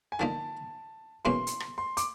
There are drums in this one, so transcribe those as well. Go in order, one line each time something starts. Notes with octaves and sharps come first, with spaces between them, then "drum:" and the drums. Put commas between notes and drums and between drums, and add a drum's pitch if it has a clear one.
G#5
D3 F3 A#3 D#4 A5
E2 B2 F#3 A#3 C#4 C6
drum: hi-hat
drum: rim click
C6
D6, drum: hi-hat